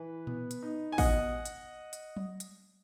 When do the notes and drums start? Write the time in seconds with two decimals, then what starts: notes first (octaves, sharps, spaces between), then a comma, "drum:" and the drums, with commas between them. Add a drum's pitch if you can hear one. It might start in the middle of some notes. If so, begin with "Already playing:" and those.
Already playing: E3 B4
0.27 B3, drum: tom A#2
0.51 drum: hi-hat
0.63 D#4
0.92 G#5
0.98 B2 D#5 F#5, drum: kick, open hi-hat
1.45 drum: hi-hat
1.93 drum: hi-hat
2.17 drum: tom F#3
2.40 drum: hi-hat